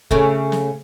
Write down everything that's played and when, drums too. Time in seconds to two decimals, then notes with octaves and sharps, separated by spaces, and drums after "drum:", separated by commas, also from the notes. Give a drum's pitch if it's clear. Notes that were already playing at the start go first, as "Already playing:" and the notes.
0.11 C#3 A3, drum: kick
0.52 drum: snare